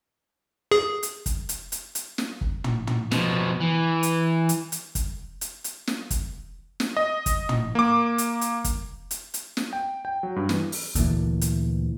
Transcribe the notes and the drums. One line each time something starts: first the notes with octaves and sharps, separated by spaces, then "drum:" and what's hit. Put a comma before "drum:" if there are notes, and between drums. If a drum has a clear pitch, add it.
G#4
drum: hi-hat
drum: kick, hi-hat
drum: hi-hat
drum: hi-hat
drum: hi-hat
drum: snare
drum: kick
drum: tom
drum: tom
B2 F3, drum: snare
E3
drum: hi-hat
drum: hi-hat
drum: hi-hat
drum: kick, hi-hat
drum: hi-hat
drum: hi-hat
drum: snare
drum: kick, hi-hat
drum: snare
D#5
drum: kick, hi-hat
drum: tom
A#3 D6
drum: hi-hat
drum: hi-hat
drum: kick, hi-hat
drum: hi-hat
drum: hi-hat
drum: snare
G5
G5
F#3
G2
E3, drum: snare
drum: open hi-hat
D2 A#2 E3, drum: kick, hi-hat
drum: hi-hat